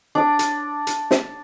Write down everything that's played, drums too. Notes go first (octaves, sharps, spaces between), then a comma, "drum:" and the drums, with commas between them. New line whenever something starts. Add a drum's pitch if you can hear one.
D4 D5
drum: hi-hat
drum: hi-hat
drum: snare